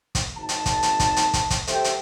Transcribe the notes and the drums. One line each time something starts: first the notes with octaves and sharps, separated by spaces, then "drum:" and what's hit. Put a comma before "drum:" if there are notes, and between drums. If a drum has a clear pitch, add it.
drum: kick, hi-hat
G#1 A5
drum: hi-hat
drum: kick, hi-hat
drum: hi-hat
drum: kick, hi-hat
drum: hi-hat
drum: kick, hi-hat
drum: kick, hi-hat
G4 A4 C5 E5 G5, drum: hi-hat
drum: hi-hat